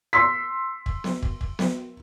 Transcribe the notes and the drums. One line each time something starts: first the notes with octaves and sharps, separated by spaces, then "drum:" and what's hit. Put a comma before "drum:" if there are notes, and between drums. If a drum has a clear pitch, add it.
C6 E6 B6
drum: kick
drum: snare B3
drum: kick
drum: kick
drum: snare B3